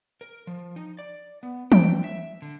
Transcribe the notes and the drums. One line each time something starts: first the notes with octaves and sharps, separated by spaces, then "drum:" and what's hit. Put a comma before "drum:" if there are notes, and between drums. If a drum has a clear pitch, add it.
A#4
F3
D#4
D5
B3
G5, drum: tom E3
E5
D3